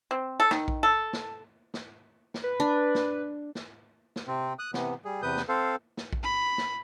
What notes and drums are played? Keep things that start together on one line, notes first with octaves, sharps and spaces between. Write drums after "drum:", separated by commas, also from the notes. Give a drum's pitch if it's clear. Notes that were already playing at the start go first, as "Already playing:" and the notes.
C4
A4
D#3, drum: snare
drum: kick A#1
A4
drum: snare
drum: snare
drum: snare
B4
D4
drum: snare
drum: snare
drum: snare
C3 C4
D#6 F#6
C3 E3 B3, drum: snare
G3 G#4
E2 C3 B4 D#6 G6
drum: snare
C4 A4 C5 F5
drum: snare
drum: kick A#1
B5
drum: snare